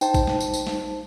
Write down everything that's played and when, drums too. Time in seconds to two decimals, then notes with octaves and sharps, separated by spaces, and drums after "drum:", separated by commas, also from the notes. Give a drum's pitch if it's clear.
0.01 D#4 C5 G5 A5, drum: tambourine
0.14 drum: kick A1, tambourine
0.27 drum: snare
0.40 drum: tambourine
0.54 drum: tambourine
0.67 drum: snare